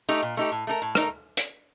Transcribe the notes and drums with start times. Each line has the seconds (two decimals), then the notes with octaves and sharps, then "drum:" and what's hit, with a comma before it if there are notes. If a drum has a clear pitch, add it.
0.09 A3 D#4 G4
0.23 A#2
0.37 A3 D#4 G4
0.52 A2
0.67 A3 D#4 A#4
0.82 A2
0.95 A3 D#4 A#4, drum: rim click
1.37 drum: hi-hat